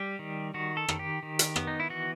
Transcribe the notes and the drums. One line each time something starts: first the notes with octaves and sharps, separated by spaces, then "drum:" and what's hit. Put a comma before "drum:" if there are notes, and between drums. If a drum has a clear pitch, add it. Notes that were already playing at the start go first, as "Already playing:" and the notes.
Already playing: G3 G4
D#3
D#3 F#4
A4
D#3, drum: rim click
G4
D#3
drum: hi-hat
B3, drum: rim click
D#4
E4
E3 F#4